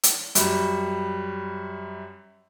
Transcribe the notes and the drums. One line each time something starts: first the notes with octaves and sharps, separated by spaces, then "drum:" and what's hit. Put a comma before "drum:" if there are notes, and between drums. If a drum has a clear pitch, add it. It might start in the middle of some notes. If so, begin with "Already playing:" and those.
drum: hi-hat
F#2 G3, drum: hi-hat